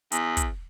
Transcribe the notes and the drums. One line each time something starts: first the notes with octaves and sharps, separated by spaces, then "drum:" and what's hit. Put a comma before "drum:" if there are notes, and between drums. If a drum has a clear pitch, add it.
E2, drum: hi-hat
drum: kick, hi-hat